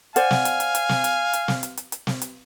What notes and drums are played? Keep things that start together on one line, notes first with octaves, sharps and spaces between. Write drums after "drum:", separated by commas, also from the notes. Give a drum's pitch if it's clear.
C5 D5 F5 F#5 G#5, drum: hi-hat
drum: snare
drum: hi-hat
drum: hi-hat
drum: hi-hat
drum: snare
drum: hi-hat
drum: hi-hat
drum: snare
drum: hi-hat
drum: hi-hat
drum: hi-hat
drum: snare
drum: hi-hat